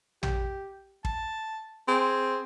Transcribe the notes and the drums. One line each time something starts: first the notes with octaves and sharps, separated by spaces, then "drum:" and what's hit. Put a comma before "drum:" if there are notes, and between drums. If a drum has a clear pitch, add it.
G4, drum: tom
A5, drum: kick
C4 G#4